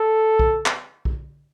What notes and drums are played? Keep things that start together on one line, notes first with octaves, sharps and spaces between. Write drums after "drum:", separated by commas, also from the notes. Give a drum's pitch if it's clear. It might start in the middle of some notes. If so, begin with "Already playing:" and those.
Already playing: A4
drum: kick B1
drum: clap
drum: kick B1